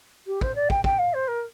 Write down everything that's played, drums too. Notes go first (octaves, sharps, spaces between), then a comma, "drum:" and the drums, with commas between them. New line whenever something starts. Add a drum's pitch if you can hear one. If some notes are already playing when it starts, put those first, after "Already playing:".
G4
C5, drum: kick
D5
G5, drum: kick
G5, drum: kick
F5
C5
A#4